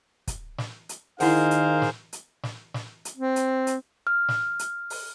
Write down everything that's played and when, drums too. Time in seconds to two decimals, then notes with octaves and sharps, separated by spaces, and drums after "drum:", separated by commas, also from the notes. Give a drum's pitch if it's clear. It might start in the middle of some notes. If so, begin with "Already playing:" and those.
0.28 drum: kick, hi-hat
0.58 drum: snare
0.89 drum: hi-hat
1.20 D#3 D#4 E4 G#4 A#4 C5 F5 F#5, drum: open hi-hat
1.51 drum: hi-hat
1.82 drum: snare
2.13 drum: hi-hat
2.43 drum: snare
2.74 drum: snare
3.05 drum: hi-hat
3.17 C4
3.36 drum: hi-hat
3.67 drum: hi-hat
4.07 F6
4.29 drum: snare
4.59 drum: hi-hat
4.90 drum: open hi-hat